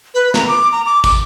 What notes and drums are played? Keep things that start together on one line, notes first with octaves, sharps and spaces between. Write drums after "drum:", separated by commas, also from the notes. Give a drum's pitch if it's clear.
B4
A#5, drum: snare
D6
A#5
D6
D6, drum: kick, tambourine